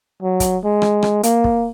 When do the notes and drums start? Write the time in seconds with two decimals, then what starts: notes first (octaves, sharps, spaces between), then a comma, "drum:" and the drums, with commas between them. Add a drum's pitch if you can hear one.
0.23 F#3
0.40 drum: kick, hi-hat
0.64 G#3
0.82 drum: rim click
1.03 drum: rim click
1.23 A#3, drum: hi-hat
1.44 drum: kick